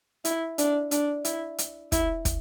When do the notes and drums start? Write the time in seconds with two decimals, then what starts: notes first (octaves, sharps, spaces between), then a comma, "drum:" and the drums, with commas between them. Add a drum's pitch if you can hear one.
0.25 E4, drum: hi-hat
0.58 D4, drum: hi-hat
0.91 D4, drum: hi-hat
1.25 E4, drum: hi-hat
1.58 drum: hi-hat
1.92 E4, drum: kick, hi-hat
2.25 drum: kick, hi-hat